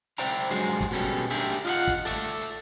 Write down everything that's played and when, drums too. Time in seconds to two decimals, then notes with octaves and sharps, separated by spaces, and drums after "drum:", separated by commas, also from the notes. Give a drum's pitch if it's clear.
0.18 C5 D5 E5 G5 A#5
0.50 G2 F#3 G#3 G#4 C5
0.81 drum: kick, hi-hat
0.91 B2 G3 C#4 A4
1.31 D4 G4 G#4 A#4 E5
1.52 drum: hi-hat
1.65 F4 D#5 E5 F#5
1.87 drum: kick, hi-hat
2.05 A4 D5 E5, drum: hi-hat
2.23 drum: hi-hat
2.41 drum: hi-hat